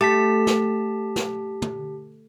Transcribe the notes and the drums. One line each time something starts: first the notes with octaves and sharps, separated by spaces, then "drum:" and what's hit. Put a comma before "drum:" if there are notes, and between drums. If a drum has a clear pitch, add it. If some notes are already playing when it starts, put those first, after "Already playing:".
A3 G4 A5 B6
drum: snare
drum: snare
drum: tom